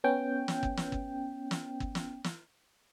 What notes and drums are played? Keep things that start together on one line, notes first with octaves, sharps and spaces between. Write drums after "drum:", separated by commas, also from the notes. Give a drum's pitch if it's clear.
B3 C#4 G5
drum: snare
drum: kick
drum: snare
drum: kick
drum: snare
drum: kick
drum: snare
drum: snare